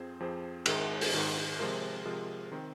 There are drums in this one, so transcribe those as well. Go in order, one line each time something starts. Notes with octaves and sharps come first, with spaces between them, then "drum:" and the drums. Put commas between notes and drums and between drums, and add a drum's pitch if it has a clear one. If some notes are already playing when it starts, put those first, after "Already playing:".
Already playing: F2 F3 C4 G#4 C5
F2 F3 C4 G#4 C5
G#2 D#3 G#3, drum: cymbal
drum: open hi-hat
G#2 D#3 G#3
C3 F3 G#3 F4 A#4
C3 F3 G#3 F4 A#4
D#3 C4